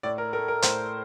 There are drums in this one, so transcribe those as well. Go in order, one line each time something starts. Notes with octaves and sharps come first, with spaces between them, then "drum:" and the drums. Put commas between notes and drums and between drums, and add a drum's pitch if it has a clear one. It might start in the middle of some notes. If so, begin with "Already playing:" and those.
A2 D5
A#4
A3 A#4
A#4
A2 C5, drum: hi-hat